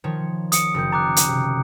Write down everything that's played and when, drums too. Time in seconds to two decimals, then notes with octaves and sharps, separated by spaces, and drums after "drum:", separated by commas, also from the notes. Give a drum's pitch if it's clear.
0.04 D#3 F3 C#5
0.52 D#6 C#7 D7, drum: hi-hat
0.75 F#1 D#6 G6
0.92 A#5 D6 F#6 A6
1.17 drum: hi-hat
1.28 C3